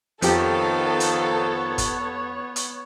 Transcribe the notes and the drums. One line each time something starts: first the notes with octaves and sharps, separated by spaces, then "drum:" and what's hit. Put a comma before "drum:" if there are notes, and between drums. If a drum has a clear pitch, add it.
F2 D#3 F3 B3 G4 A4 C#5, drum: hi-hat
drum: hi-hat
drum: kick G1, hi-hat
drum: hi-hat